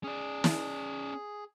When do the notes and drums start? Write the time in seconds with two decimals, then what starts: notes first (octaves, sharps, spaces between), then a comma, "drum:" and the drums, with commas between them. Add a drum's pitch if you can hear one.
0.04 C#4 G#4 D5
0.44 drum: snare